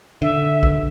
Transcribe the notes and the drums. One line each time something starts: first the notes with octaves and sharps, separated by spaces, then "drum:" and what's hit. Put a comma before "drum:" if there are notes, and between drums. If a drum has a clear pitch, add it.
D3 E5
drum: kick A#1